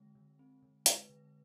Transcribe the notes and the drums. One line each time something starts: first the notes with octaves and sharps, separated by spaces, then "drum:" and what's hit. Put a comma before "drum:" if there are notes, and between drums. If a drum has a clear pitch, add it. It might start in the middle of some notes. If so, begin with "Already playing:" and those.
Already playing: D3 G#3 C4
D3
C4
D3
G#3 B4, drum: hi-hat
D3